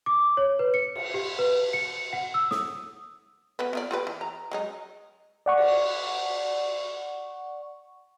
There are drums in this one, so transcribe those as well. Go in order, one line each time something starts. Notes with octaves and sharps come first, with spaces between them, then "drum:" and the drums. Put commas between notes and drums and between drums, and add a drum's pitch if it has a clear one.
D6
C#5
B4
C#7
drum: cymbal
G4
B4
C#7
F#5
E6
D#6, drum: snare
B3 F#4 B4
B3 F4 D5
F4 G4 B4
E3
A#5
F#3 G#3 D#4
D5 F#5 C#6
drum: cymbal